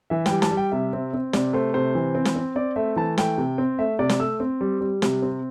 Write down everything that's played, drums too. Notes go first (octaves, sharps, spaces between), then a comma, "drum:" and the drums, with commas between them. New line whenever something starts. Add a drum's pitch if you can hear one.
E3 E5
G3 G5, drum: snare
A5, drum: snare
G3
G5
C3 E5
C4
C4
C3 D5, drum: snare
A3 C5
C3 C5
E3
C4
drum: snare
C4
C4 D5
A3 E5
E3 A5
A3 G5, drum: snare
C3
C4
A3 E5
C3 D5
drum: snare
A3 E6
C4
G3
G3
C3, drum: snare
C4